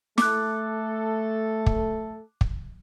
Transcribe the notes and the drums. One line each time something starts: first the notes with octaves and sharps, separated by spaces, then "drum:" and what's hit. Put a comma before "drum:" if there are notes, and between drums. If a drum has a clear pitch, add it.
A3 A4 D6 F#6, drum: snare
drum: kick
drum: kick